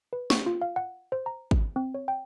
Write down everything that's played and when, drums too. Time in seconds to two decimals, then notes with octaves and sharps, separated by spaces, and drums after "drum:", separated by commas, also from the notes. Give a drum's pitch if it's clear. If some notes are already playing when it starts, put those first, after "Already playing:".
0.13 B4
0.30 C#6, drum: snare
0.46 F4
0.62 F5
0.76 F#5
1.12 C5
1.26 A#5
1.51 drum: kick G#1
1.76 C4
1.94 C#5
2.08 G5